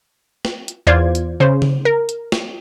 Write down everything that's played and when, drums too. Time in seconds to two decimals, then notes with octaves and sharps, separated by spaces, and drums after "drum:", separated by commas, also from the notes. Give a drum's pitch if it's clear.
0.45 drum: snare
0.68 drum: hi-hat
0.87 E2 F4 C5 D5 G#6
1.15 drum: hi-hat
1.40 C#3 C5
1.62 drum: tom C#3
1.85 A#4
2.09 drum: hi-hat
2.32 drum: snare